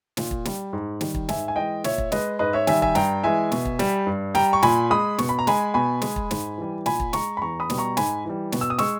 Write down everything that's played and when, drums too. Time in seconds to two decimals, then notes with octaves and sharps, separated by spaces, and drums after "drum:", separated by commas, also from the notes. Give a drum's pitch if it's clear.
0.17 A#2, drum: snare
0.31 drum: kick
0.45 G3, drum: snare
0.73 G#2
1.01 D#3 G3, drum: snare
1.15 drum: kick
1.29 G#2 E5 G#5, drum: snare
1.48 G#5
1.56 E3 G#3 D#5 G5
1.84 A#2 C#5 E5, drum: snare
1.98 drum: kick
2.12 G#3 B4 D#5, drum: snare
2.39 G#2 B4 D#5
2.53 C#5 E5
2.67 D#3 G3 E5 G#5, drum: snare
2.82 E5 G#5, drum: kick
2.95 G2 G5 A#5, drum: snare
3.24 E3 G#3 E5 G#5
3.52 B2, drum: snare
3.65 drum: kick
3.79 G3, drum: snare
4.06 G2
4.35 G3 G5 A#5, drum: snare
4.53 C#6
4.62 A#2 G#5 B5, drum: snare
4.90 G#3 B5 D#6
5.18 B2 C#6, drum: snare
5.29 B5
5.39 A#5
5.47 G#3 G#5 B5, drum: snare
5.74 B2 G#5 B5
6.02 G#3, drum: snare
6.16 drum: kick
6.31 G#2, drum: snare
6.58 E3 G3
6.86 A#2 G#5 B5, drum: snare
7.00 drum: kick
7.13 G#3 A#5 C#6, drum: snare
7.37 B5
7.42 E2 A#5 C#6
7.60 B5 D#6
7.70 B2 G3, drum: snare
7.78 A#5 C#6
7.97 G#2 G#5 B5, drum: snare
8.25 E3 G3
8.52 B2, drum: snare
8.61 E6
8.70 D#6
8.78 G#3 C#6 E6, drum: snare